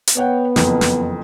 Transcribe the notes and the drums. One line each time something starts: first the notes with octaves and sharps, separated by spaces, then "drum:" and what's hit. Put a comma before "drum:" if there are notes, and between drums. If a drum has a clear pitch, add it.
drum: hi-hat
B3 C#5 F#5 G5
F#1 F2 E3, drum: snare
drum: snare